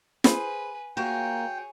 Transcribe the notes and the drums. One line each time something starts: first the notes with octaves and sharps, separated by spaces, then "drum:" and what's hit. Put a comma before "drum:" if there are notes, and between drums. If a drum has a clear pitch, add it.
G#4 B4 C5 G#5 B5, drum: snare
A#3 F4 F#4 G#4 A#4 C#5 G5